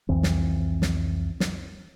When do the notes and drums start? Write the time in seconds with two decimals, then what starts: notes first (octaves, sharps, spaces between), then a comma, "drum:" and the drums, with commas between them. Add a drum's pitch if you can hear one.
0.09 C2 F2 E3 C4
0.23 drum: snare
0.82 drum: snare
1.40 drum: snare